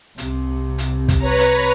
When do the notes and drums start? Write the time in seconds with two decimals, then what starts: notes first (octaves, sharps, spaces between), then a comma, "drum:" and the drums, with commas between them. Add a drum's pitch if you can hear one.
0.18 C2 C3, drum: hi-hat
0.78 drum: hi-hat
1.09 drum: kick, hi-hat
1.18 B4 C#5 A#5
1.39 drum: hi-hat